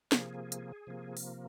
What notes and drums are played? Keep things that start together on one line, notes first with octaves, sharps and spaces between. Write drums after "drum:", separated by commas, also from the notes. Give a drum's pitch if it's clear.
C3 F3 A#3 G#4, drum: snare
drum: hi-hat
C3 F3 A#3
drum: open hi-hat